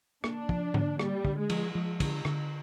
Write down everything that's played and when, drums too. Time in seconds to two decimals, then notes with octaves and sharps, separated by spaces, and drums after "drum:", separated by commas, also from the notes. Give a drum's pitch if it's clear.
0.24 A#3 D4, drum: rim click
0.49 F3, drum: kick
0.74 D3, drum: tom G#2
0.99 G3 A#3, drum: rim click
1.25 D3, drum: kick
1.37 G#3
1.50 F3, drum: cymbal
1.75 F3
2.00 D3, drum: kick, cymbal
2.25 D3, drum: rim click